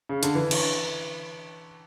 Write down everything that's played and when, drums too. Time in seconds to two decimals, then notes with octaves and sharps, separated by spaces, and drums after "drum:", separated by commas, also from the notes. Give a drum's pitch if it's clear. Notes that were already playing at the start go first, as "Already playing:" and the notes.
0.09 C#3
0.23 D3, drum: hi-hat
0.35 E3
0.51 drum: cymbal